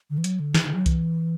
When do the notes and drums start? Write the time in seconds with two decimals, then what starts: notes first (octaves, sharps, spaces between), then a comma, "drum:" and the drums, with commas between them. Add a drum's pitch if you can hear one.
0.10 D3
0.18 E3
0.24 F#3, drum: hi-hat
0.40 D3
0.55 E3, drum: snare
0.65 D3
0.75 F#3
0.86 E3, drum: kick C2, hi-hat